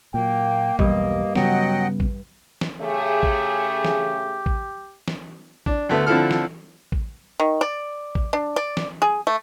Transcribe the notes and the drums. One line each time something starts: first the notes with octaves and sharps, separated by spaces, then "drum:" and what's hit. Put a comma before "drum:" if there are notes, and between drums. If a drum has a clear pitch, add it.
A#2 F#3 A#3 G5
B1 E2 G2 D#5, drum: kick A1
C#3 F#3 G3 B3 D#5 F#5 G5, drum: snare
drum: kick A1
drum: snare
C#3 A3 G4 G#4
drum: kick A1
drum: snare
drum: kick A1
drum: snare
D4, drum: kick A1
D2 A3 B3
D3 F3 C4 E4 A4 F6
drum: snare
drum: kick A1
D#3
D5
drum: kick A1
D4
D5
drum: snare
G#4
A3